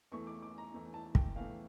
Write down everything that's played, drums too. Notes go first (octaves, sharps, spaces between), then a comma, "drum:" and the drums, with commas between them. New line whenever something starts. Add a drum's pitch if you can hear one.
E2 E3 A3 C#6
D6
D6
A#5
E2 E3 A3
A5
G5, drum: kick
E2 E3 A3 F5